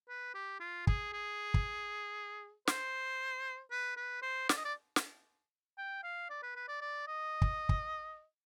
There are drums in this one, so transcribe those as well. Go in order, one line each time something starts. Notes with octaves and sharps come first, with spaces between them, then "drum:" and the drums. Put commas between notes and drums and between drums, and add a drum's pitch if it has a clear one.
B4
G4
F4
G#4, drum: kick
G#4
drum: kick
C5, drum: snare
B4
B4
C5
D5, drum: snare
D#5
D5
drum: snare
G5
F5
D5
B4
B4
D5
D5
D#5
drum: kick
drum: kick